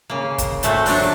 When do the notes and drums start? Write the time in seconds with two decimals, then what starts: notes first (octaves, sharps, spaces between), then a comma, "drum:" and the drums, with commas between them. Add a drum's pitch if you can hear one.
0.10 C#3 A#3
0.38 drum: kick G1, hi-hat
0.63 A#2 A3 F#4 C5, drum: hi-hat
0.86 F#3 D4 F#4, drum: open hi-hat